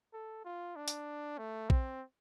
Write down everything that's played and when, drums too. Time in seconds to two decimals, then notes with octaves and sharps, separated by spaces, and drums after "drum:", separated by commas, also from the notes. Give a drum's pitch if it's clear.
0.14 A4
0.45 F4
0.76 D4
0.88 drum: hi-hat
1.38 A3
1.70 C4, drum: kick A#1